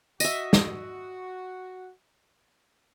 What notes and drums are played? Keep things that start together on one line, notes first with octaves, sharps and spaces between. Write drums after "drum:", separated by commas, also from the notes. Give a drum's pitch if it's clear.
F#4 D#5 E5, drum: tambourine
drum: snare